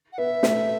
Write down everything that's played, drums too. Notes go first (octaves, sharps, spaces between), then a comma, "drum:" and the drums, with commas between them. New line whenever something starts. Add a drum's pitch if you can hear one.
F#5
B3 E5
A3, drum: snare